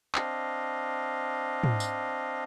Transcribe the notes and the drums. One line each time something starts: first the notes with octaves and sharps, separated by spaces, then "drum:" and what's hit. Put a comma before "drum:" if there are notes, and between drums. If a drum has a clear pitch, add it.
C4 D4 D#5 F5, drum: clap
drum: tom
drum: tambourine